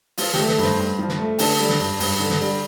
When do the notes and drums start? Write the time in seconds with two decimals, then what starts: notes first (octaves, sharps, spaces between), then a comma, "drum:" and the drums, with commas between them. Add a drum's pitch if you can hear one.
0.17 F3 F4, drum: open hi-hat
0.34 G4, drum: snare
0.39 A3
0.48 A4, drum: snare
0.58 G2
0.63 C5, drum: snare
0.79 G2
0.99 F3
1.09 drum: snare
1.19 A3
1.39 D3 A5, drum: open hi-hat
1.59 G3
1.69 drum: snare
1.80 G2
2.00 G2, drum: open hi-hat
2.19 D3
2.30 drum: snare
2.41 G3